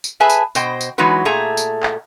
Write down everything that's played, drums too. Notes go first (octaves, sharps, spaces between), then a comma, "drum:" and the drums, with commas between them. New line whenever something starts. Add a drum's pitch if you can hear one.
drum: tambourine
G#4 B4 E5 G#5 A5
drum: tambourine
B2 C5 D#5 G5, drum: tambourine
drum: tambourine
E3 F#3 G#3 D#4 F#4 B4
A#2 A3 G#4 E5 A#5
drum: tambourine
drum: clap